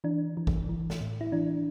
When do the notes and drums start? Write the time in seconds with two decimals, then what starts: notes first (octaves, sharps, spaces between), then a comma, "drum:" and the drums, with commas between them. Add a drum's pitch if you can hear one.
0.04 E3 D4
0.37 E3
0.47 drum: kick G#1
0.69 E3
0.90 drum: snare
1.01 A2
1.21 E4
1.32 E3 D4